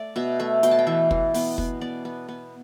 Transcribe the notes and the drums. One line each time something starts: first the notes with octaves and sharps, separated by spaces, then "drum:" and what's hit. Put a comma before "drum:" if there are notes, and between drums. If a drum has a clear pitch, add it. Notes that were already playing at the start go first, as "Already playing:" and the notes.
Already playing: A3 D5
B2 E5
A3 E5
B2 G5, drum: hi-hat
A5
G5
E3 E5
E3, drum: kick
B3, drum: open hi-hat
B3, drum: kick
B3 D5
B3
B3